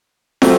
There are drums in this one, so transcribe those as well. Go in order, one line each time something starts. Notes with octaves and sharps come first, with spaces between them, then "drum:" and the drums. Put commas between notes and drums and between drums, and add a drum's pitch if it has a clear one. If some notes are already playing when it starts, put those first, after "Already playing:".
F#3 A3 C4, drum: snare